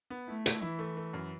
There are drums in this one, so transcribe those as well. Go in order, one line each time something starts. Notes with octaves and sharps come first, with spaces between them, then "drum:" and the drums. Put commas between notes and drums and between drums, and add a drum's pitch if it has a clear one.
B3
A3 E4
E4, drum: hi-hat
E3 E4
A3
A3
F#2